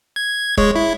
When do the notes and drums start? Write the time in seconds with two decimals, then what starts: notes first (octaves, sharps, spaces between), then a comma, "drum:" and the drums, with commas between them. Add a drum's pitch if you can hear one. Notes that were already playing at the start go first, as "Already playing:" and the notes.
0.16 G#6
0.57 G#3 C#5, drum: kick D#1
0.76 E4